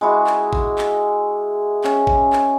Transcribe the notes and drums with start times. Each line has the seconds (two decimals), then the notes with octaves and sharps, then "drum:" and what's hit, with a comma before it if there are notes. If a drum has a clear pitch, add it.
0.01 G#3 E4 F#4
0.27 drum: clap
0.53 drum: kick
0.78 drum: clap
1.84 C#4, drum: clap
2.07 drum: kick
2.33 drum: clap